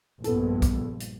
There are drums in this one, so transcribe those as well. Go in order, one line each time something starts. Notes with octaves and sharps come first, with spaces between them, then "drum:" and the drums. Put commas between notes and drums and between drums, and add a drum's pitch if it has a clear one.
A#1 G2 B3 A4, drum: hi-hat
drum: kick, hi-hat
drum: hi-hat